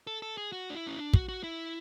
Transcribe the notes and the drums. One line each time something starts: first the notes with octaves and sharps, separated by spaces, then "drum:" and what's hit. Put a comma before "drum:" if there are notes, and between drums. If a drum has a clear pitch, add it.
A4
A4
G#4
F#4
D4
E4
C#4
D4
F#4, drum: kick
F#4
E4